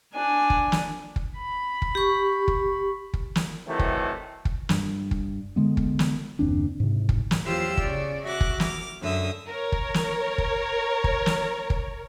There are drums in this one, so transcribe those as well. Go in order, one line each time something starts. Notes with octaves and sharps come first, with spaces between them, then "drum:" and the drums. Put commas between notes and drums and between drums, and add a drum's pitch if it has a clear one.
D4 G#5
drum: kick
drum: snare
drum: kick
B5
drum: kick
G4 C#6
drum: kick
drum: kick
drum: snare
C3 D#3 E3 F#3 A3
drum: kick
drum: kick
G2, drum: snare
drum: kick
D3 G#3 B3
drum: kick
drum: snare
F#1 D#2 C4 D4
G#2 C3
drum: kick
drum: snare
E2 F#3 F4 G4 C5 E6
C#3 D5, drum: kick
F#4 E5 D6 F#6
drum: kick
D6 F6, drum: snare
F#2 D3 E5 D#6
A#4 C#5
drum: kick
drum: snare
drum: kick
drum: kick
drum: snare
drum: kick